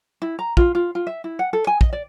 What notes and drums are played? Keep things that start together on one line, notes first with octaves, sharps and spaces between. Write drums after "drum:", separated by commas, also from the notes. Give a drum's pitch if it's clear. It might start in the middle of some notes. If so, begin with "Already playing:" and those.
E4
A#5
F4, drum: kick
F4
F4
E5
E4
F#5
A4
G#5
D#5, drum: kick
D5